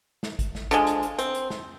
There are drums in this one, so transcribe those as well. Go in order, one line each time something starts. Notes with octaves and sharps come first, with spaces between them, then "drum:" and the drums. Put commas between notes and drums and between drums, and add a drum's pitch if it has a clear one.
drum: snare
drum: kick G#1, hi-hat
drum: snare
D3 F3 G#3, drum: hi-hat
drum: hi-hat
drum: hi-hat
C4, drum: hi-hat
drum: hi-hat
drum: snare